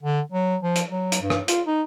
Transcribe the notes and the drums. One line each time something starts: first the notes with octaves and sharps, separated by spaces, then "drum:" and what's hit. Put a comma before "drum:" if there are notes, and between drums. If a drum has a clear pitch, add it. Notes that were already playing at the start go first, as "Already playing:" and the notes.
D3
F#3
F3
drum: hi-hat
F#3
drum: hi-hat
G2
drum: rim click
F4, drum: hi-hat
D#4